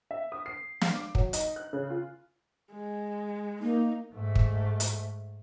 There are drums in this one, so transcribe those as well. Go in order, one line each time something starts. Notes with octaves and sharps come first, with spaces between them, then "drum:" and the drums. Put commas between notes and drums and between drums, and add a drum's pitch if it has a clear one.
E5
D#6
C7
F5, drum: snare
D6
F#3, drum: kick
D#4, drum: hi-hat
F#6
C#3
F4
G#3
A#3 D#4
G#2 A3
drum: kick
drum: hi-hat